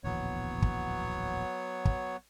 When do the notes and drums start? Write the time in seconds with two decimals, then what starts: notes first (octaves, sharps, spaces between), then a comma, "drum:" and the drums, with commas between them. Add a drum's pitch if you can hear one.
0.04 D1 A#1 E2 F#3 B3 C#5
0.62 drum: kick
1.85 drum: kick